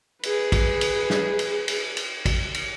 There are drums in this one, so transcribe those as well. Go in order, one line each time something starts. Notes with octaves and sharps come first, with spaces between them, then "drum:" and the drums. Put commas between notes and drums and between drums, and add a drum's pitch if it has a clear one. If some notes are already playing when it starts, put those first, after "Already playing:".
G#4 B4, drum: cymbal
drum: kick, cymbal
drum: cymbal
drum: snare
drum: cymbal
drum: cymbal
drum: cymbal
drum: kick, cymbal
drum: cymbal